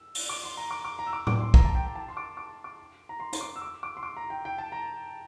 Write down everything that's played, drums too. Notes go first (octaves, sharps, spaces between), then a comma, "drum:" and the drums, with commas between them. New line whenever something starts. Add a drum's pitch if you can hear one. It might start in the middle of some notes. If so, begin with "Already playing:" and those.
Already playing: E6
drum: open hi-hat
D6
C6
A#5
D6
D6
A#5
E6
D6
D6, drum: tom A2
C6
A#5, drum: kick
A5
G5
G5
A5
C6
D6
D6
D6
A#5
C6
C6, drum: hi-hat
D6
E6
D6
D6
C6
D6
A#5
G5
G5
A5
A#5